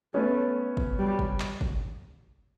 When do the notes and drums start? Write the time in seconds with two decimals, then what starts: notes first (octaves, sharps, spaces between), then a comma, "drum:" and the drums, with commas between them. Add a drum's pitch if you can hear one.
0.14 A3 B3 C#4
0.77 drum: kick
0.99 G3
1.19 drum: kick
1.40 drum: clap
1.61 drum: kick